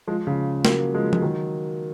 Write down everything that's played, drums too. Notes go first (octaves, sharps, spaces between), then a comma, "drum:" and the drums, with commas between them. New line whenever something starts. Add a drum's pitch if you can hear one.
F3 G#3
C#3 F3
F#3 A#3, drum: snare
F3 G#3
F3, drum: tom F3
D#3 F#3